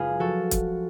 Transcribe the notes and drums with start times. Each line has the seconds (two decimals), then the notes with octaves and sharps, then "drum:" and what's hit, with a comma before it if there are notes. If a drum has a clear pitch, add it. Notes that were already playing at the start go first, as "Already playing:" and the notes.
Already playing: F#1 G#3 F4 G#4 B4
0.19 F3 F#4 A4
0.51 drum: kick, hi-hat